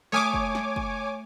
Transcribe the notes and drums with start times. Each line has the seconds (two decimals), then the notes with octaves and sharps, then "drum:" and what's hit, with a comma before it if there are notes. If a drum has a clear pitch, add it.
0.12 A3 C#5 G#5 D6 D#6 F6
0.34 drum: kick
0.55 drum: snare
0.76 drum: kick